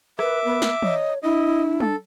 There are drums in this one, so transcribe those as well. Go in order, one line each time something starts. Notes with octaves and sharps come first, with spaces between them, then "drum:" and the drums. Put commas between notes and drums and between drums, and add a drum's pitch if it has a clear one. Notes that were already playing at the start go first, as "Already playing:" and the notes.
A#4 B4 E5 D6, drum: rim click
B3
drum: snare
C#5 D#5, drum: tom
D4 E4 D#5
A4, drum: tom